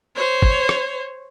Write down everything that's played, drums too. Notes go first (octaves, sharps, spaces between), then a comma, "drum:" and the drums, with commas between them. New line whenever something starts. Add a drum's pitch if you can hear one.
C5 C#5
drum: kick
drum: rim click